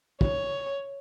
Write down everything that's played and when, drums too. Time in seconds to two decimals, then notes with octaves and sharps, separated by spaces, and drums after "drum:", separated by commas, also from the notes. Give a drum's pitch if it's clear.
0.21 C#5, drum: kick